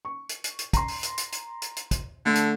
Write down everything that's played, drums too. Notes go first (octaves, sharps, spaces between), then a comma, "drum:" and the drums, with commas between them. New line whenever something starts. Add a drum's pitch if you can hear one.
C#6
drum: hi-hat
drum: hi-hat
drum: hi-hat
A#5 C6, drum: kick, hi-hat
drum: open hi-hat
drum: hi-hat
drum: hi-hat
drum: hi-hat
drum: hi-hat
drum: hi-hat
drum: kick, hi-hat
D3 A3
drum: hi-hat